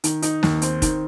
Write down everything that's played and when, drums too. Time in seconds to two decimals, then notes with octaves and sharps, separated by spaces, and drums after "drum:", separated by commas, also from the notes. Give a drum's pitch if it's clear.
0.04 D#3, drum: hi-hat
0.22 D#4, drum: hi-hat
0.43 D#2, drum: snare
0.62 C4, drum: hi-hat
0.82 D#3, drum: kick, hi-hat